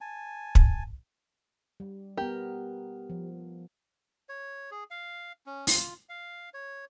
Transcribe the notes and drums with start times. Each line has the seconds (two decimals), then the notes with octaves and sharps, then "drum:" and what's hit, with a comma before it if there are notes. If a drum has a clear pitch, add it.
0.01 G#5 A5
0.55 drum: kick
1.80 G3
2.17 B3 G4 A#4
3.10 F3
4.29 C#5
4.71 G#4
4.91 F5
5.46 C#4
5.67 F4, drum: open hi-hat
6.09 F5
6.54 C#5